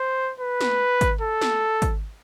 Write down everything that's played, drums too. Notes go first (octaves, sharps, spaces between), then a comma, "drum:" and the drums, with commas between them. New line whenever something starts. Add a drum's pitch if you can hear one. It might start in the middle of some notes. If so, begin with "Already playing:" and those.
Already playing: C5
B4
drum: snare
drum: kick, hi-hat
A4
drum: snare
drum: kick, hi-hat